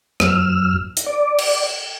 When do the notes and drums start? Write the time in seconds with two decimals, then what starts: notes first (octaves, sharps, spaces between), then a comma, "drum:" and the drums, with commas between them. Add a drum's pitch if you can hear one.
0.20 F#2 E6 F6, drum: rim click
0.97 drum: hi-hat
1.06 D5
1.38 drum: cymbal